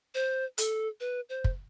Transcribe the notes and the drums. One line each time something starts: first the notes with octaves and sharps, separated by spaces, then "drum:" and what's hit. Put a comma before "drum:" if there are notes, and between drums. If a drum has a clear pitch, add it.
C5
A4, drum: hi-hat
B4
C5
drum: kick